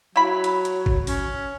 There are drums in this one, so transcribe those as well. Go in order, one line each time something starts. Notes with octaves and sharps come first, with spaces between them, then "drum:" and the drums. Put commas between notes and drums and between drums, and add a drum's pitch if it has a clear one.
F#3 E4 B5
drum: hi-hat
drum: hi-hat
drum: kick G1
C#4, drum: open hi-hat